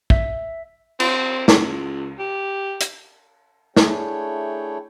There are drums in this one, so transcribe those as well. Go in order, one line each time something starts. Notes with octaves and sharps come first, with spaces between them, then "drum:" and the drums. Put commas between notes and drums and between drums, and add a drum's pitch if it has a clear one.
E5, drum: kick
C4, drum: cymbal
C#2, drum: snare
G4
drum: hi-hat
A3 D4 E4 G#4 C#5 G5, drum: snare